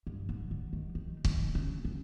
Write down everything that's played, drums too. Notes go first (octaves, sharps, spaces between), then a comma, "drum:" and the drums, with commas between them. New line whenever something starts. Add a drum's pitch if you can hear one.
G2
G#2
D3
D#3
D#3
D#3, drum: kick
C#3
C#3